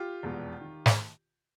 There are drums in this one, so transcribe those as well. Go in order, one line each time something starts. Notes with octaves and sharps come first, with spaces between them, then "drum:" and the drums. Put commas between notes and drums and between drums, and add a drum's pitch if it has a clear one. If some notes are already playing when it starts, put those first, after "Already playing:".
Already playing: F4 G4
F1 E2 B2 G#3 B3
D#3
drum: snare